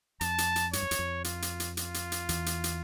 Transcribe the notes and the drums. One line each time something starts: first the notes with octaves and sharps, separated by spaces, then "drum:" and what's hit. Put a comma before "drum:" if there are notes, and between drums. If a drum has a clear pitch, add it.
F2 A5, drum: hi-hat
drum: hi-hat
drum: hi-hat
G2 C#5, drum: hi-hat
F2
E2, drum: hi-hat
F2
F4, drum: hi-hat
drum: hi-hat
drum: hi-hat
F4, drum: hi-hat
drum: hi-hat
drum: hi-hat
E2, drum: hi-hat
drum: hi-hat
drum: hi-hat